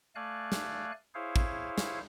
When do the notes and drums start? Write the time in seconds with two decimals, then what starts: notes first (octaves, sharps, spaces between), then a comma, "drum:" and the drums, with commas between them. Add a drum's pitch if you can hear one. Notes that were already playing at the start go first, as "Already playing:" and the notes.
0.15 A3 D5 F5 G#5 F#6
0.52 drum: snare
1.15 E4 G#4 C5 C#5 F5
1.36 drum: kick
1.78 drum: snare